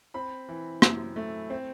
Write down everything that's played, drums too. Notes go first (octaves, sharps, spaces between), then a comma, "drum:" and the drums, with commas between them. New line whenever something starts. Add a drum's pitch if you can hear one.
C4 B5
E3
F#2, drum: rim click
A3
C4